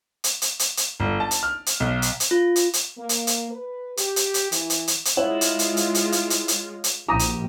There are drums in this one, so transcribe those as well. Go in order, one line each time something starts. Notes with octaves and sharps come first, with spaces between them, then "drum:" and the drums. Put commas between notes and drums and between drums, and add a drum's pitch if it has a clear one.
drum: hi-hat
drum: hi-hat
drum: hi-hat
drum: hi-hat
G1
A5
drum: hi-hat
F6
drum: hi-hat
B1
drum: hi-hat
drum: hi-hat
F4
drum: hi-hat
drum: hi-hat
A#3
drum: hi-hat
drum: hi-hat
B4
G4, drum: hi-hat
drum: hi-hat
drum: hi-hat
E3, drum: hi-hat
drum: hi-hat
drum: hi-hat
drum: hi-hat
G#3 E4 F4 C#5 F#5
drum: hi-hat
drum: hi-hat
drum: hi-hat
drum: hi-hat
drum: hi-hat
drum: hi-hat
drum: hi-hat
drum: hi-hat
A#1 G4 A#5 D#6 A#6
drum: hi-hat